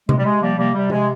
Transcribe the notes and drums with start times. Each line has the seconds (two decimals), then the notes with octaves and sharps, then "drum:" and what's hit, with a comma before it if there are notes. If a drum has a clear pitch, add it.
0.09 C3 G#3, drum: tom C3
0.18 G3
0.25 C3 G#3
0.41 F3 G3 A#3
0.57 C3 G3 A#3
0.75 C3 G3
0.90 C3 G#3, drum: tom F3